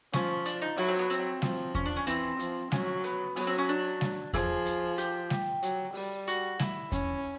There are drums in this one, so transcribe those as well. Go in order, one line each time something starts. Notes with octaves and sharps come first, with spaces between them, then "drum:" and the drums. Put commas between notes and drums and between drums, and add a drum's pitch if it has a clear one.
F3 C#4, drum: snare G3
D4, drum: hi-hat
D#4
F#3 E4, drum: open hi-hat
C4
B3
C4, drum: hi-hat
F3, drum: snare G3
C#4, drum: kick E2
D4
C#4
E3 C4, drum: hi-hat
F3, drum: hi-hat
F#3 C#4, drum: snare G3
B3
F#3 B3, drum: open hi-hat
C4
C#4
D4
drum: snare G3
F3 G#4, drum: kick E2, hi-hat
drum: hi-hat
G4, drum: hi-hat
drum: snare G3
F#3, drum: hi-hat
G3, drum: open hi-hat
F#4, drum: hi-hat
E4, drum: snare G3
C#4, drum: kick E2, hi-hat